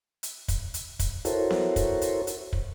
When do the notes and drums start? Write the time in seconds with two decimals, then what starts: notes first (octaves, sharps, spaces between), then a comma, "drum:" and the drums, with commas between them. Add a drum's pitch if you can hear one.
0.23 drum: hi-hat
0.48 drum: kick, hi-hat
0.74 drum: hi-hat
0.99 drum: kick, hi-hat
1.25 E4 F#4 A4 A#4 C5 C#5, drum: hi-hat
1.50 drum: snare B3
1.76 drum: kick, hi-hat
2.02 drum: hi-hat
2.27 drum: hi-hat
2.53 drum: kick